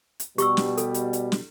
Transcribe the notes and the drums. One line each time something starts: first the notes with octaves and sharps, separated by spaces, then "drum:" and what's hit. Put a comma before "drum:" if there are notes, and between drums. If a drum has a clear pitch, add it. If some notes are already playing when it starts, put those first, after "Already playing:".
drum: hi-hat
B2 G3 G4 C#6 E6, drum: hi-hat
drum: snare
A4, drum: hi-hat
drum: hi-hat
drum: hi-hat
drum: snare